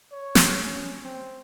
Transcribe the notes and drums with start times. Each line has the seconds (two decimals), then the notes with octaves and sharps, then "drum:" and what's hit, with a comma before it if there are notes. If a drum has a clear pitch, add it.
0.12 C#5
0.35 drum: snare
0.63 C#4
1.04 C4